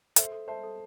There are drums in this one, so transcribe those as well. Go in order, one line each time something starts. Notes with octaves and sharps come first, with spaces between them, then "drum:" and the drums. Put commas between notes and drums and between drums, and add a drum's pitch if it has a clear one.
A4 C5 E5, drum: hi-hat
A4
C5 E5 A5
A4